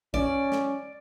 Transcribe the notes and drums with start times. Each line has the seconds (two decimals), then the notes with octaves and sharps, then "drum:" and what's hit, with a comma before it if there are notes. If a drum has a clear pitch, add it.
0.14 C#4 D5, drum: kick
0.52 drum: snare